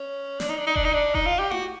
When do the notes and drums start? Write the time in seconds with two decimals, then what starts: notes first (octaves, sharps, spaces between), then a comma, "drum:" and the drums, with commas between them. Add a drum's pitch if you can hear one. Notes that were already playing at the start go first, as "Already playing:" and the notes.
Already playing: C#4
0.40 D4, drum: snare
0.49 D#4
0.58 D4
0.67 D#4
0.76 D4, drum: kick E1
0.85 D#4
0.93 D4
1.14 D#4, drum: kick E1
1.27 F4
1.39 G4
1.51 F#4, drum: tom E4